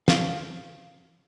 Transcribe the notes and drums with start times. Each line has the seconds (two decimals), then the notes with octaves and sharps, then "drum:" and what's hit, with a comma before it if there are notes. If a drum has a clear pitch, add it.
0.08 F5, drum: snare